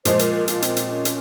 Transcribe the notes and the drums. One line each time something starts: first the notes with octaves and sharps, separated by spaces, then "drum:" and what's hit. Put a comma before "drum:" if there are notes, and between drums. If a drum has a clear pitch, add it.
A#2 F3 G#3 C5, drum: hi-hat
A#4, drum: hi-hat
A#4
F4, drum: hi-hat
C4, drum: hi-hat
drum: hi-hat
C#4
drum: hi-hat